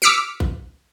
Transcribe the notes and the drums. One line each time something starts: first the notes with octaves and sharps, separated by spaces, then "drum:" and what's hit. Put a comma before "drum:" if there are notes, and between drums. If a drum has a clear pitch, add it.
D6 E6 F6 B6 C#7 D7, drum: snare
drum: kick A1